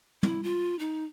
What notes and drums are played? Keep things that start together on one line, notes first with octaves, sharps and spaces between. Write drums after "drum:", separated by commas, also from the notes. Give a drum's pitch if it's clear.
E4, drum: tom
F4
D#4